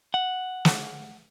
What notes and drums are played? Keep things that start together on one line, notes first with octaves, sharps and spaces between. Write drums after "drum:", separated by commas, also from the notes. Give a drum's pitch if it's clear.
F#5
drum: snare